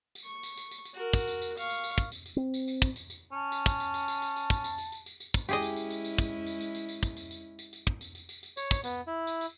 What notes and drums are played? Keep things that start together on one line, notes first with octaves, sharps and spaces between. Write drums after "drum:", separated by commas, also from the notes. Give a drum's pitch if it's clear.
drum: tambourine
C#6
drum: tambourine
drum: tambourine
drum: tambourine
drum: tambourine
F#4 A#4
drum: kick, tambourine
drum: tambourine
drum: tambourine
F5 C#6, drum: tambourine
drum: tambourine
drum: tambourine
drum: kick, tambourine
drum: tambourine
drum: tambourine
C4
drum: tambourine
drum: tambourine
drum: kick, tambourine
drum: tambourine
drum: tambourine
C#4 A5
drum: tambourine
drum: kick, tambourine
drum: tambourine
drum: tambourine
drum: tambourine
drum: tambourine
drum: tambourine
drum: kick, tambourine
drum: tambourine
drum: tambourine
drum: tambourine
drum: tambourine
drum: tambourine
drum: kick, tambourine
G#3 C#4 E4 G4 G#4 D#5, drum: tambourine
drum: tambourine
drum: tambourine
drum: tambourine
drum: tambourine
drum: kick, tambourine
drum: tambourine
drum: tambourine
drum: tambourine
drum: tambourine
drum: kick, tambourine
drum: tambourine
drum: tambourine
drum: tambourine
drum: tambourine
drum: kick
drum: tambourine
drum: tambourine
drum: tambourine
drum: tambourine
C#5, drum: tambourine
drum: kick, tambourine
B3, drum: tambourine
E4
drum: tambourine
drum: tambourine